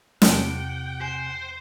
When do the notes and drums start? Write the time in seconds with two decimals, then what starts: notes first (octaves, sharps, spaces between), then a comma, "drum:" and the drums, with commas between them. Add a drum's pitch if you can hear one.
0.22 E2 C3 F#5 G5 A5, drum: snare
1.01 C5 G#5